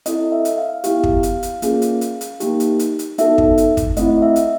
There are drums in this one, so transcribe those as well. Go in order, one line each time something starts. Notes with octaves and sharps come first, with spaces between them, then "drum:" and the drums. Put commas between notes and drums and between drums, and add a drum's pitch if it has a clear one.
C4 E4 A4 D#5, drum: hi-hat
E5
drum: hi-hat
F5
B3 E4 G4 F5, drum: hi-hat
drum: kick
F5, drum: hi-hat
drum: hi-hat
A#3 C#4 F4 G#4, drum: hi-hat
drum: hi-hat
drum: hi-hat
drum: hi-hat
A#3 D#4 G4, drum: hi-hat
drum: hi-hat
drum: hi-hat
drum: hi-hat
B3 D#4 F#4 A4 E5, drum: hi-hat
drum: kick
drum: hi-hat
drum: kick, hi-hat
A3 C4 E4 D#5, drum: hi-hat
E5
drum: hi-hat